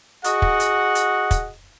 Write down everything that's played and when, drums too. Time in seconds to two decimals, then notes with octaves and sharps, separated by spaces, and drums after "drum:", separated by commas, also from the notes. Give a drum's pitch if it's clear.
0.24 F#4 G#4 D#5 F#5, drum: hi-hat
0.42 drum: kick
0.60 drum: hi-hat
0.95 drum: hi-hat
1.31 drum: kick, hi-hat